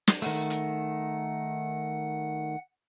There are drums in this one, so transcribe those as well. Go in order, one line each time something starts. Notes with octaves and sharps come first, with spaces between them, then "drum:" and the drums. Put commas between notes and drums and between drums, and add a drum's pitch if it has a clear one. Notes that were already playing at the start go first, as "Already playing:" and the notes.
drum: snare
D#3 A3 F#5, drum: open hi-hat
drum: hi-hat